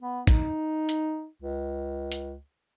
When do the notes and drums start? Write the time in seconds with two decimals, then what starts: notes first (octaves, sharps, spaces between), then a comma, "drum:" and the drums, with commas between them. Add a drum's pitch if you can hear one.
0.02 B3
0.27 D#4, drum: kick, hi-hat
0.89 drum: hi-hat
1.42 C#2
2.12 drum: hi-hat